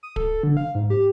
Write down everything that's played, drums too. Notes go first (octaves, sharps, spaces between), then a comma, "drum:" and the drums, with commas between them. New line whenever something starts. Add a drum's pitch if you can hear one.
D#6
A4, drum: kick D1
D3
F5
G#2
G4